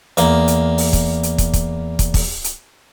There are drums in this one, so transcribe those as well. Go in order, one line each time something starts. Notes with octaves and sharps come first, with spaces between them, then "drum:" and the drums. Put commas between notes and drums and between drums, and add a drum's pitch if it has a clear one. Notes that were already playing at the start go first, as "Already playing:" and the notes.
E2 A#3, drum: hi-hat
drum: hi-hat
drum: open hi-hat
drum: kick, hi-hat
drum: hi-hat
drum: kick, hi-hat
drum: kick, hi-hat
drum: kick, hi-hat
drum: kick, open hi-hat
drum: hi-hat